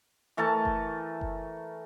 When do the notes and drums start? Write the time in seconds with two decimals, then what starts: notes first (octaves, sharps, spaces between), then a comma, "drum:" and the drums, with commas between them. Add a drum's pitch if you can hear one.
0.37 E3 A3 A#4 A5
0.65 drum: kick F#1
1.21 drum: kick F#1